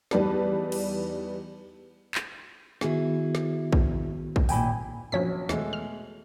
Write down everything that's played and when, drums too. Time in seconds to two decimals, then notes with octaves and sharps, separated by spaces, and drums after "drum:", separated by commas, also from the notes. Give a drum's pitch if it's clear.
0.11 E2 G3 D#4 B4 D5 A5, drum: snare
0.72 drum: cymbal
2.15 drum: clap
2.81 D#3 B3 E4 F#4 G#4, drum: snare
3.35 drum: snare
3.73 drum: kick
4.36 drum: kick
4.49 D#2 A#2 G5 G#5 B5, drum: open hi-hat
5.12 A#1 F3 F#3 C#4 C#5 B6
5.49 E2 B2 G#3 A3, drum: snare
5.73 F6